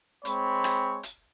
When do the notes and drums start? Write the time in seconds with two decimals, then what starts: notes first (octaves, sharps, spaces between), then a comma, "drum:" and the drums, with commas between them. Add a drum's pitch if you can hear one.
0.25 G#3 C4 C#5 B5, drum: hi-hat
0.64 drum: rim click
1.03 drum: hi-hat